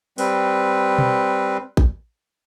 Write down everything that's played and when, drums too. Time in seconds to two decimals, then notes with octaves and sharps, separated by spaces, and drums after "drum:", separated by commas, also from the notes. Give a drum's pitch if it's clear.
0.18 G3 C4 B4, drum: open hi-hat
0.98 drum: tom B2
1.77 drum: kick A1